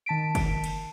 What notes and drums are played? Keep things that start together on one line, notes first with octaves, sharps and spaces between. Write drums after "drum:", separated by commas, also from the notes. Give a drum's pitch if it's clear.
D#3 A5 B6 D7
drum: kick, cymbal
drum: cymbal